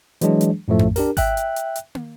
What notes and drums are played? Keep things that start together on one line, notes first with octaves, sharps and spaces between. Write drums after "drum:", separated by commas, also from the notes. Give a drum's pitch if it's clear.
E3 F#3 G#3 D4 G#4, drum: hi-hat
drum: hi-hat
F#2 A2 F3 A3
drum: tom F2
D4 G4 A#4, drum: open hi-hat
E5 G5 F#6, drum: kick G#1, open hi-hat
drum: hi-hat
drum: hi-hat
drum: hi-hat
drum: tom